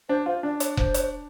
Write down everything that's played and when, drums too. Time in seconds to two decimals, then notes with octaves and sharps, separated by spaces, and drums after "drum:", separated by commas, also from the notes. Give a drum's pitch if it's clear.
0.09 D4 C5
0.26 F4 C5
0.43 D4 D5
0.60 drum: hi-hat
0.77 C5, drum: kick F1
0.94 drum: hi-hat